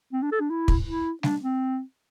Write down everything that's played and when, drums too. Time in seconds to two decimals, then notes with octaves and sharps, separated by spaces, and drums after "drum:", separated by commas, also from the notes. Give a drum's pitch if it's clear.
0.13 C4
0.23 D4
0.32 A4
0.40 D4
0.50 E4
0.68 drum: kick
0.86 E4
1.23 D4, drum: snare G3
1.42 C4